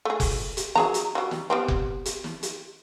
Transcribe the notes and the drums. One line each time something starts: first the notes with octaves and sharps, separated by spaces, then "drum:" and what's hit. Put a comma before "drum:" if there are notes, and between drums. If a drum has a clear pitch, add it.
A3 G#4
drum: kick F1, open hi-hat
drum: hi-hat
F#3 G#4 A#5, drum: snare
drum: hi-hat
F#3 G3
drum: snare
G3 B3 C4
drum: kick F1
drum: hi-hat
drum: snare
drum: hi-hat